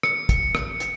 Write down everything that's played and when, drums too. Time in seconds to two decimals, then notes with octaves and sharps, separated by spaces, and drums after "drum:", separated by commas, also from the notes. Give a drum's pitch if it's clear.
0.03 C#7, drum: rim click
0.29 drum: kick, hi-hat
0.55 drum: rim click
0.80 drum: hi-hat